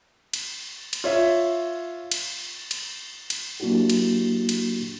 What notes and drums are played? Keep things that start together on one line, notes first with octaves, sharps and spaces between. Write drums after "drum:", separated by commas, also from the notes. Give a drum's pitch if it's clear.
drum: cymbal
drum: cymbal
F4 C#5 E5
drum: cymbal
drum: cymbal
drum: cymbal
F#3 A#3 D4 E4 F#4 G4
drum: cymbal
drum: cymbal